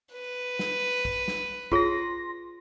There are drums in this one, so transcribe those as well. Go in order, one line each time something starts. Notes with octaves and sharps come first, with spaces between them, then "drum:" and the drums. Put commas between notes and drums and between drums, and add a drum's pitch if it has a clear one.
B4
drum: snare
drum: kick
drum: snare
F4 G#4 C#5 C6 A#6, drum: kick